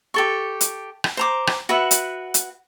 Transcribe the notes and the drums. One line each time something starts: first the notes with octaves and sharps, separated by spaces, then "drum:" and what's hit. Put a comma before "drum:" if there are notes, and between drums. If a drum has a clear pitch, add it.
G4 A4 C#6
drum: hi-hat
drum: rim click
C5 A#5 D6
drum: rim click
F#4 B4 E5 F#5
drum: hi-hat
drum: hi-hat